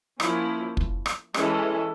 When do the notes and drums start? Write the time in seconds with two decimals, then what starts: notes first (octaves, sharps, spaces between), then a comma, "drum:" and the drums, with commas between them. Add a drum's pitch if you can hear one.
0.20 F3 A#3 C#4 E4, drum: rim click
0.77 drum: kick
1.06 drum: rim click
1.34 E3 G#3 C#4 E4 A4, drum: rim click